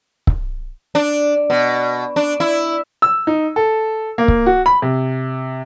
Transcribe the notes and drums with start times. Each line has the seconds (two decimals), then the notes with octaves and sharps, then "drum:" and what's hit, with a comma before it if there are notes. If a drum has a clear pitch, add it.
0.27 drum: kick C#1
0.95 D4
1.50 B2
2.16 D4
2.40 E4
3.02 E6
3.27 D#4
3.56 A4
4.18 A#3
4.28 drum: kick C#1
4.46 F#4
4.66 B5
4.82 C3